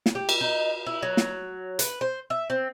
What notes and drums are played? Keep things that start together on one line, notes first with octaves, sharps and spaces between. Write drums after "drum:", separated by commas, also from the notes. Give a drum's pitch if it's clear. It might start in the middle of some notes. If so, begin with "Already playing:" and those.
drum: snare
G4
drum: cymbal
D#4
E4
F#3
drum: snare
B4, drum: hi-hat
C5
E5
C4